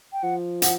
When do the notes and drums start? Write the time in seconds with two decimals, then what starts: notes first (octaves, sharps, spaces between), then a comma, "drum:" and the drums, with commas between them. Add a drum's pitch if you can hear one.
0.13 G5
0.23 F3 F#5
0.62 F#5, drum: hi-hat